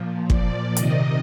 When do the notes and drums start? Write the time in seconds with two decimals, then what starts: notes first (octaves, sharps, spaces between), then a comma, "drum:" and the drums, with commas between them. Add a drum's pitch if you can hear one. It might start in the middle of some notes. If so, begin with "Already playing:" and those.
Already playing: A#2 F3
0.30 D5, drum: kick
0.77 C3 D#3 D#5, drum: hi-hat